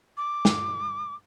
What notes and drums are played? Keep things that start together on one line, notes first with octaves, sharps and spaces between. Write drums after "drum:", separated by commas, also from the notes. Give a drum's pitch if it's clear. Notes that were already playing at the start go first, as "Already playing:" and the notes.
D6
drum: snare